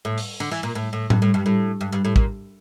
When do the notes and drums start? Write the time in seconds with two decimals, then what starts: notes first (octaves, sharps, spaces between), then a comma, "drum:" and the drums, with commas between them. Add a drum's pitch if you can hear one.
0.05 A2
0.18 drum: open hi-hat
0.40 D3
0.51 E3
0.63 A#2
0.75 A2
0.93 A2
1.10 G2, drum: tom A2
1.22 A2
1.34 G2
1.46 A2
1.81 G2
1.92 G2
2.05 A2
2.16 A#2, drum: kick A1